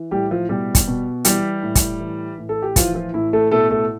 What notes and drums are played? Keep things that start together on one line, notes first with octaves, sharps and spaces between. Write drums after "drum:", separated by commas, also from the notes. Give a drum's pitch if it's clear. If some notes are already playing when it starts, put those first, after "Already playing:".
Already playing: E3
A2 G3 G4
F3 F4
B2 G3 G4
drum: kick, hi-hat
B2
E3 G3 G4, drum: hi-hat
A2
drum: kick, hi-hat
E3
A2
A4
G4
E3 F3 F4, drum: kick, hi-hat
F3 F4
A2 E4
A3 A4
B2 A3 A4
A3 A4